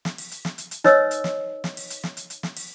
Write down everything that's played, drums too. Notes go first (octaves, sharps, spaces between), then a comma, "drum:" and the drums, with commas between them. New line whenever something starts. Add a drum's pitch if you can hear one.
drum: snare
drum: open hi-hat
drum: hi-hat
drum: snare
drum: hi-hat
drum: hi-hat
D#4 B4 C#5 D#5 E6, drum: snare
drum: hi-hat
drum: snare
drum: snare
drum: open hi-hat
drum: hi-hat
drum: snare
drum: hi-hat
drum: hi-hat
drum: snare
drum: open hi-hat